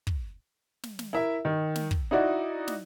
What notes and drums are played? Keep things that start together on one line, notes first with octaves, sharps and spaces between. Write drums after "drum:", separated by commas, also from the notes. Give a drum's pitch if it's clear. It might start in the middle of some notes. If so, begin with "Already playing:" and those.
drum: kick
drum: snare
drum: snare
E4 A#4 E5
D#3
drum: snare
drum: kick
D#4 E4 F#4 D5
drum: snare